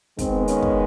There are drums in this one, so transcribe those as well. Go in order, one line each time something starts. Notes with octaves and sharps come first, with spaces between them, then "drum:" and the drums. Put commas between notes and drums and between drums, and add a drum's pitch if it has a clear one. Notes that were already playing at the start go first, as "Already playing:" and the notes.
D#3 G#3 B3 C4, drum: kick, hi-hat
C#4, drum: hi-hat
drum: kick